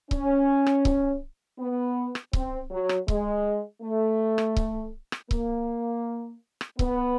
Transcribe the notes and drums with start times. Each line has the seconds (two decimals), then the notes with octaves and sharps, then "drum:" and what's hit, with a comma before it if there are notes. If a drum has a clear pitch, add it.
0.11 C#4, drum: kick C#1
0.66 drum: rim click
0.85 drum: kick C#1
1.59 B3
2.15 drum: rim click
2.33 C4, drum: kick C#1
2.71 F#3
2.89 drum: rim click
3.08 G#3, drum: kick C#1
3.82 A3
4.38 drum: rim click
4.56 drum: kick C#1
5.12 drum: rim click
5.31 A#3, drum: kick C#1
6.61 drum: rim click
6.79 B3, drum: kick C#1